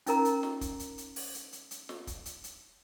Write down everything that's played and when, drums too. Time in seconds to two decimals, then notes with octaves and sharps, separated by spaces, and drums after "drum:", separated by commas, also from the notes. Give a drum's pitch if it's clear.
0.07 C#4 D#4 A#4 A#5, drum: hi-hat
0.25 drum: hi-hat
0.43 drum: snare
0.61 drum: kick, hi-hat
0.80 drum: hi-hat
0.98 drum: hi-hat
1.16 drum: open hi-hat
1.34 drum: hi-hat
1.53 drum: hi-hat
1.71 drum: hi-hat
1.89 drum: snare
2.07 drum: kick, hi-hat
2.26 drum: hi-hat
2.44 drum: hi-hat